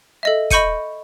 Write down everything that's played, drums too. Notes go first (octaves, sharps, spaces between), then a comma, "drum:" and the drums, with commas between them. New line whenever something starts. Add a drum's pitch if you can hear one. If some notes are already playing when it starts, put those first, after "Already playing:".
A4 D#5 E5
D#5 B5 C#6 G6 C#7 D#7, drum: kick, hi-hat